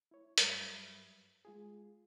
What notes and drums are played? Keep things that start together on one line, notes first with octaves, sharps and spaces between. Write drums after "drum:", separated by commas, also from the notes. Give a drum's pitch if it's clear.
E4 C#5
G2 F#3 G3 B4 E5 B5, drum: hi-hat
G#3 F4 G#4